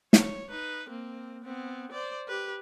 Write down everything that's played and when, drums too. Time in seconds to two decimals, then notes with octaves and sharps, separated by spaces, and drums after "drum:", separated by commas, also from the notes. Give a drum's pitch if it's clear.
0.13 C#5, drum: snare
0.50 D#4 B4
0.89 A#3 C4
1.44 B3 C4
1.92 C5 D5
2.28 G4 B4